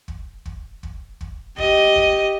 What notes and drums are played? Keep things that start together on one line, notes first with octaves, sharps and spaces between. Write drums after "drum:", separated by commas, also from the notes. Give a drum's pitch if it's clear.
drum: kick
drum: kick
drum: kick
drum: kick
G4 D#5, drum: kick
drum: kick